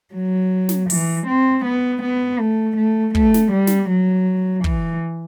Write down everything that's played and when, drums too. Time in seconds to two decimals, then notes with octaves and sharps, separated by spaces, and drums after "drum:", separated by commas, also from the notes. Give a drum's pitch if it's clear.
0.14 F#3
0.69 drum: snare
0.90 E3, drum: open hi-hat
1.27 C4
1.65 B3
2.02 B3
2.40 A3
2.77 A3
3.15 A3, drum: kick
3.34 drum: snare
3.52 G3
3.67 drum: snare
3.89 F#3
4.64 E3, drum: kick